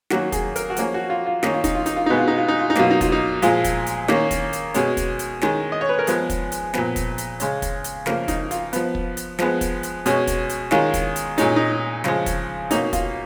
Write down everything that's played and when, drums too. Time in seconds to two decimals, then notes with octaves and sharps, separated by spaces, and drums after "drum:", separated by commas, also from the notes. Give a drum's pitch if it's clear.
0.10 D#3 F#3 A#3 C#4 F#4, drum: snare
0.32 G#4, drum: kick, hi-hat
0.56 A#4, drum: hi-hat
0.70 F#4
0.76 F3 A#3 C#4 G#4, drum: hi-hat
0.94 F#4
1.10 F4
1.26 F4
1.43 D#3 A#3 C#4 D#4, drum: snare
1.54 F4
1.64 D#4, drum: kick, hi-hat
1.75 F4
1.86 D#4, drum: hi-hat
1.96 F4
2.06 B2 G#3 B3 D#4
2.18 F4
2.28 D#4
2.37 F4
2.48 D#4
2.59 F4
2.70 D#4
2.76 B2 F#3 A#3 F4, drum: snare
2.91 D#4
3.01 F4, drum: kick, hi-hat
3.12 D#4
3.42 A#2 F3 G#3 F4, drum: hi-hat
3.64 drum: kick, hi-hat
3.86 drum: hi-hat
4.08 D#3 A#3 C#4, drum: snare
4.31 drum: kick, hi-hat
4.53 drum: hi-hat
4.74 B2 G#3 C#4, drum: hi-hat
4.97 drum: kick, hi-hat
5.19 drum: hi-hat
5.42 D#3 G#3 C#4, drum: snare
5.72 D#5
5.81 C#5
5.89 B4
5.99 A#4
6.07 F3 G#3 B3 G#4, drum: hi-hat
6.30 drum: kick, hi-hat
6.52 drum: hi-hat
6.74 A#2 F3 B3, drum: snare
6.96 drum: kick, hi-hat
7.18 drum: hi-hat
7.40 C#3 G#3 C#4, drum: hi-hat
7.62 drum: kick, hi-hat
7.84 drum: hi-hat
8.06 C#3 F3 A#3 A#4, drum: snare
8.28 D#4, drum: kick, hi-hat
8.51 F4, drum: hi-hat
8.73 F3 B3, drum: hi-hat
8.95 drum: kick
9.17 drum: hi-hat
9.39 F3 G#3 B3, drum: snare
9.61 drum: kick, hi-hat
9.83 drum: hi-hat
10.06 B2 G#3 C#4, drum: hi-hat
10.27 drum: kick, hi-hat
10.49 drum: hi-hat
10.71 D#3 G#3 C#4 F4, drum: snare
10.94 drum: kick, hi-hat
11.16 drum: hi-hat
11.38 A#2 G#3 C#4 D#4, drum: hi-hat
11.56 D#4
12.04 C#3 F3 G#3, drum: snare
12.26 drum: kick, hi-hat
12.71 B2 A#3 C#4 D#4, drum: hi-hat
12.93 F4, drum: kick, hi-hat